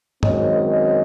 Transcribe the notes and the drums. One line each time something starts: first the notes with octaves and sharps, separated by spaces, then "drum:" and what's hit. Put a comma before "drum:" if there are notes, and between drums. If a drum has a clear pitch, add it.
F#2 D#3 G#3 C4 C#5 D#5, drum: tom
C#5 D#5